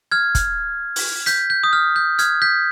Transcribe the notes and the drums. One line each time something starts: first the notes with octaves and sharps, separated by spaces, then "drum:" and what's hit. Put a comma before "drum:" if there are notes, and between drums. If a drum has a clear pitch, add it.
F6 G#6
drum: kick, hi-hat
drum: open hi-hat
G6 B6, drum: hi-hat
G6
D#6
F6
G6
F6 G#6, drum: hi-hat
G6 B6